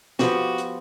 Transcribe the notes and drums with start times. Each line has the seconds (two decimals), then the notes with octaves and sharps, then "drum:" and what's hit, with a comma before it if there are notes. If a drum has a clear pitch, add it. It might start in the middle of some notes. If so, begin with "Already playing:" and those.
0.19 F3 B3 F#4 G4, drum: snare
0.58 drum: hi-hat